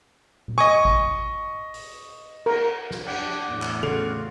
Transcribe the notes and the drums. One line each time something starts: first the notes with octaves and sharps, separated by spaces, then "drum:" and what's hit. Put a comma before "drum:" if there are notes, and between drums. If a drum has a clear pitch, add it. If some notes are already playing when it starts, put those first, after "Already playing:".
drum: tom A#2
D#5 G#5 C#6 D#6
drum: kick G#1
drum: open hi-hat
A#4, drum: cymbal
drum: snare
D4 G4 D5 F#5 G5, drum: cymbal
E2 A2
drum: clap
C#3 F4 F#4 A4 D5